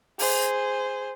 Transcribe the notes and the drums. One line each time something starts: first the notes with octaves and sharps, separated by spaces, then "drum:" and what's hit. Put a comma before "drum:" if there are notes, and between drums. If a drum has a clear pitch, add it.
G#4 C5, drum: open hi-hat